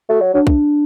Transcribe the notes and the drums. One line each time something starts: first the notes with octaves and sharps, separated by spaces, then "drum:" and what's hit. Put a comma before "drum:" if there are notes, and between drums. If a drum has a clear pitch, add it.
A3 F#4
F#3
F#3 D4
drum: kick B1